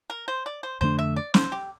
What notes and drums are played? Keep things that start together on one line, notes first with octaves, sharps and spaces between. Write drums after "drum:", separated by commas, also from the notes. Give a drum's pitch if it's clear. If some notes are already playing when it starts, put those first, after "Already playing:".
A#4
C5
D5
C5
F2 D3 A3 D4 C5
E5
D5
C5, drum: snare
G4